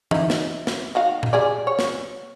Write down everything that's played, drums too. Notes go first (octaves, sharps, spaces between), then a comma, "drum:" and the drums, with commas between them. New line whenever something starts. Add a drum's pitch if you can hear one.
D#4 E4, drum: tom E3
drum: snare
drum: snare
D#3 F#4 F5
drum: tom A#2
G3 G#4 D5
C#5
drum: snare